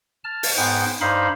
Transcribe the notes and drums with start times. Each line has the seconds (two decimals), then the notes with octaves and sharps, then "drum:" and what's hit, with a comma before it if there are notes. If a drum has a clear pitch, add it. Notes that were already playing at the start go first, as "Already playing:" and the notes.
0.24 A5 F6
0.43 drum: open hi-hat
0.57 G#2 B3 G5
1.01 G2 D#4 C5 F5 B5